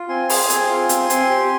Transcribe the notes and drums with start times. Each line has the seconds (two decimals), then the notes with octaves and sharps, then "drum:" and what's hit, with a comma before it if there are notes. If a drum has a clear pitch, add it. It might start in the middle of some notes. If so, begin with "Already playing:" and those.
Already playing: F4
0.09 C4 G#5 C6
0.30 G#4, drum: open hi-hat
0.50 C4, drum: hi-hat
0.70 F4
0.89 C4, drum: hi-hat
1.10 C4, drum: hi-hat
1.30 G4